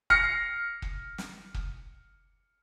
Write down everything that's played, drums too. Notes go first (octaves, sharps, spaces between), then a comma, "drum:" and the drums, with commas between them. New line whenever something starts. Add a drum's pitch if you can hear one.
F6 A#6 C7 C#7, drum: kick
drum: kick
drum: snare
drum: kick